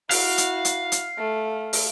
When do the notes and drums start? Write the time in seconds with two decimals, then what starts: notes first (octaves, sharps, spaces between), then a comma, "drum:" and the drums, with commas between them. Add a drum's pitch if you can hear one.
0.11 E4 F#4 F5, drum: open hi-hat
0.38 drum: hi-hat
0.65 drum: hi-hat
0.92 drum: hi-hat
1.18 A3
1.73 drum: open hi-hat